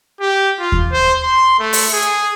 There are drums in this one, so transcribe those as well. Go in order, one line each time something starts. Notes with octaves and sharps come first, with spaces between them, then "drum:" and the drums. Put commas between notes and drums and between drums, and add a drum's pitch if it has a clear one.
G4
F4
drum: kick D#2
C5
C6
A3
drum: open hi-hat
G#4